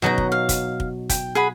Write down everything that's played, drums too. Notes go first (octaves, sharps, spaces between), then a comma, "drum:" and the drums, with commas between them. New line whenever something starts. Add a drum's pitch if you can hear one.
B2 F#3 D#4 D#5 F#5 A#5
drum: kick
F5
drum: kick, hi-hat
drum: kick
G5, drum: kick, hi-hat
G#4 F#5 B5